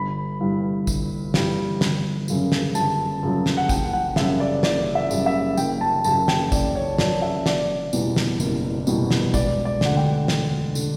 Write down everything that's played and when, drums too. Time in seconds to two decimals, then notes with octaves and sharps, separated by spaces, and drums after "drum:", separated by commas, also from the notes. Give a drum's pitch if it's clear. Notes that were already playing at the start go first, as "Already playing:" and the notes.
Already playing: G1 B5
0.40 G2 E3 G3
0.87 G1, drum: kick, tambourine
1.34 G2 E3 G3, drum: snare
1.81 G1, drum: snare
2.28 F#2 C#3 F#3, drum: tambourine
2.52 drum: snare
2.75 G1 A5, drum: tambourine
3.23 F#2 C#3 F#3
3.46 drum: snare
3.57 F#5
3.69 F#1 G5, drum: kick, tambourine
3.93 F#5
4.16 F#2 C#3 G3 E5, drum: snare
4.40 D5
4.63 F#1 D5, drum: snare
4.95 E5
5.11 F#2 C#3 G3, drum: tambourine
5.26 E5
5.58 F#1 G5, drum: tambourine
5.81 A5
6.04 F#2 C#3 F#3 A5, drum: tambourine
6.28 G5, drum: snare
6.52 F#1 D5, drum: kick, tambourine
6.75 C#5
6.98 F#2 C#3 F#3 D5, drum: snare
7.22 E5
7.46 F#1 D5, drum: snare
7.93 E2 B2 G3, drum: tambourine
8.16 drum: snare
8.40 F#1, drum: tambourine
8.87 E2 B2 G3, drum: tambourine
9.11 drum: snare
9.34 E1 D5, drum: kick, tambourine
9.65 D5
9.81 D2 D3 F#5, drum: snare
9.97 G5
10.28 E1, drum: snare
10.75 D3, drum: tambourine